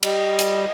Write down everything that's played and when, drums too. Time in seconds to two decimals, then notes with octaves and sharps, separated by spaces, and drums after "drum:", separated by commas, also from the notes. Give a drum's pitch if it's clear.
0.03 G3 D#5, drum: cymbal
0.39 drum: hi-hat